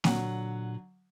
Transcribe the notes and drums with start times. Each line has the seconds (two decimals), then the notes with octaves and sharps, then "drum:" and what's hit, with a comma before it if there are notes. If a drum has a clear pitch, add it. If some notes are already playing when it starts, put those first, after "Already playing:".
0.04 A#2 D3 F#3 F#5, drum: snare A#3